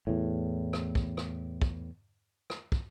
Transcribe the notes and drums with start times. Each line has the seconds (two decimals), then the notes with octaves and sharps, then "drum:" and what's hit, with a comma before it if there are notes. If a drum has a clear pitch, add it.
0.07 E2 A2
0.73 drum: rim click
0.95 drum: kick
1.17 drum: rim click
1.62 drum: kick
2.50 drum: rim click
2.72 drum: kick